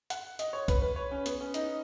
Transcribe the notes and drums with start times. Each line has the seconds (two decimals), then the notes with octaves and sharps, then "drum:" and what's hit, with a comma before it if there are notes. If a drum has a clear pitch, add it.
0.10 F#5, drum: hi-hat
0.39 D#5, drum: hi-hat
0.53 C#5
0.68 B4, drum: kick B1, hi-hat
0.82 B4
0.96 C#5
1.11 C#4
1.26 B3, drum: hi-hat
1.41 C#4
1.54 D#4, drum: hi-hat